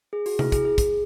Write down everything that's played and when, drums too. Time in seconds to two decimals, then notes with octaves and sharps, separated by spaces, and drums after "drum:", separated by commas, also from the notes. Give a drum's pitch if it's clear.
0.13 G#4
0.26 F#4, drum: open hi-hat
0.39 E4, drum: tom C3
0.52 G#4, drum: kick, hi-hat
0.65 G#4
0.78 drum: kick, hi-hat